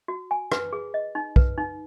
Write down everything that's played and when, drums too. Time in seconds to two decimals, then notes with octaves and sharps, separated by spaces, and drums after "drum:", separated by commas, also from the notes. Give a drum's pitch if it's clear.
0.08 F#4
0.31 G#5
0.52 B4, drum: rim click
0.73 G#4
0.94 D#5
1.15 D#4
1.36 B4, drum: kick B1
1.58 D#4